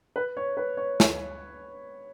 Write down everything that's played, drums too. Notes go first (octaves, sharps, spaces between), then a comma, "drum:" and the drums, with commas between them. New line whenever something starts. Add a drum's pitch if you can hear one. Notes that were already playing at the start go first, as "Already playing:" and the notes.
B4
C#5
B4
C#5
drum: snare